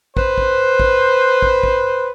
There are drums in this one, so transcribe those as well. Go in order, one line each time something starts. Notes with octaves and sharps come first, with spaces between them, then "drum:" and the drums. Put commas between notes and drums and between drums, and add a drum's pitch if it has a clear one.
B4 C5, drum: kick
drum: kick
drum: kick
drum: kick
drum: kick